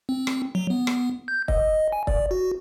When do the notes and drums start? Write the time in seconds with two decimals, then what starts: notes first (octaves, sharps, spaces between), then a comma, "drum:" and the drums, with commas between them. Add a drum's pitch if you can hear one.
0.09 C4
0.27 drum: rim click
0.55 F#3
0.70 B3
0.87 drum: rim click
1.28 G6
1.48 D#5, drum: kick
1.92 G#5
2.07 D5, drum: kick
2.31 F#4